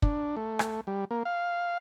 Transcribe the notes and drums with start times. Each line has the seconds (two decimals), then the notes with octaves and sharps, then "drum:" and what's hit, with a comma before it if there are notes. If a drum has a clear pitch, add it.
0.02 D4, drum: kick
0.37 A3
0.59 drum: rim click
0.87 G3
1.11 A#3
1.25 F5